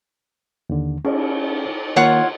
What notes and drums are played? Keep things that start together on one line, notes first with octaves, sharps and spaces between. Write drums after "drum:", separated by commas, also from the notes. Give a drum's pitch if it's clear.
D#2 D3
C#4 G#4, drum: cymbal
D#3 A#3 F4 C#5 F#5